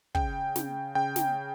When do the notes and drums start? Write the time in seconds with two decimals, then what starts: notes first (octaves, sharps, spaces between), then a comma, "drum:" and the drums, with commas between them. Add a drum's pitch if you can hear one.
0.15 C#3 G5, drum: kick
0.56 C#3, drum: snare
0.95 C#3 G5
1.16 drum: snare